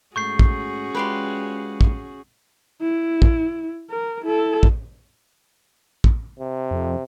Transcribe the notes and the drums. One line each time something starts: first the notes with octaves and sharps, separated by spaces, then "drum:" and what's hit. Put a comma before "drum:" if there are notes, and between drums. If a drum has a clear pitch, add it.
G#2 A3 C#4 F#4 G#4 C#6 G6 C7
drum: kick
G#3 F4 G4 B4 D5 C6
drum: kick
E4
drum: kick
A#4
E4 A4
drum: kick
drum: kick
C3
F2